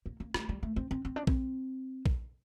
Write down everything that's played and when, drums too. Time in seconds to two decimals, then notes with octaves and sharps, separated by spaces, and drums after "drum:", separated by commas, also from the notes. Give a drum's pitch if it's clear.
0.06 A#3
0.20 A#3
0.34 A3, drum: rim click
0.49 G3
0.63 A3
0.76 C4
0.91 C4
1.05 C4
1.16 D4
1.27 C4, drum: kick
2.06 drum: kick